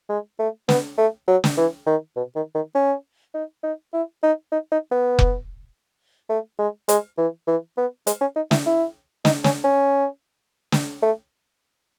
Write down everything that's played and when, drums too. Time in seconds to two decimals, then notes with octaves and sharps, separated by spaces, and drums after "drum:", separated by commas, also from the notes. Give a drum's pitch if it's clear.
0.09 G#3
0.39 A3
0.69 B3, drum: snare
0.98 A3
1.28 F#3
1.44 drum: snare
1.57 E3
1.87 D#3
2.16 B2
2.36 D#3
2.55 D#3
2.75 C#4
3.34 D#4
3.63 D#4
3.94 E4
4.23 D#4
4.52 D#4
4.72 D#4
4.92 B3
5.19 drum: kick F1
6.30 A3
6.59 G#3
6.88 G#3, drum: hi-hat
7.18 E3
7.47 E3
7.77 B3
8.07 G#3, drum: hi-hat
8.21 C#4
8.36 D#4
8.51 E4, drum: snare
8.66 E4
9.25 D#4, drum: snare
9.44 C#4, drum: snare
9.64 C#4
10.72 drum: snare
11.02 A3